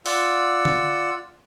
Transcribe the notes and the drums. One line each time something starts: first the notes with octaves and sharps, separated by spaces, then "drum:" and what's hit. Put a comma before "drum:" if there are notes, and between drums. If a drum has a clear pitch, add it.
F4 D5 F#5 E6, drum: open hi-hat
drum: tom D3